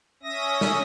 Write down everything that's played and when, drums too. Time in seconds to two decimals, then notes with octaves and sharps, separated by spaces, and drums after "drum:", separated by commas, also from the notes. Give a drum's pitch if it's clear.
0.23 C#4 E5 D#6 A#6
0.61 drum: snare